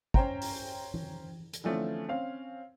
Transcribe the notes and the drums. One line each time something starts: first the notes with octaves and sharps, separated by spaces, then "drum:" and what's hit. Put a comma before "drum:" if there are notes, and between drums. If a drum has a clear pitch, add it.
C#4 C5 G5 A#5, drum: kick
drum: open hi-hat
drum: tom E3
drum: hi-hat
D3 E3 F3 A3 C4 C#4
C4 C#4 F5